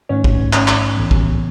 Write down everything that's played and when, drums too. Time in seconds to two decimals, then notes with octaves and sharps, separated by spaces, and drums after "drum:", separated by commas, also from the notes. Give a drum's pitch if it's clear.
0.09 G#2 D#3 A3 C#4 D#4
0.24 drum: kick
0.53 C#4, drum: clap
0.68 drum: clap
0.97 B1 A2 E3 B3
1.11 drum: kick